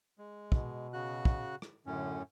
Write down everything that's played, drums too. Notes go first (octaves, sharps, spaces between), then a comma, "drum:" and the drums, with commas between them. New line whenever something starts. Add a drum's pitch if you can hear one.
G#3
B2, drum: kick
C#3 F#4 F#6
drum: kick
drum: rim click
F#2 A2 D3 C#4